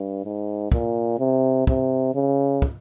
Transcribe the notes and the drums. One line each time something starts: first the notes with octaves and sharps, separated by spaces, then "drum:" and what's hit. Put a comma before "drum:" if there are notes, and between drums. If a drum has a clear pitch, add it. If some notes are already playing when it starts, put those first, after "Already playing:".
Already playing: G2
G#2
A#2, drum: kick
C3
C3, drum: kick
C#3
drum: kick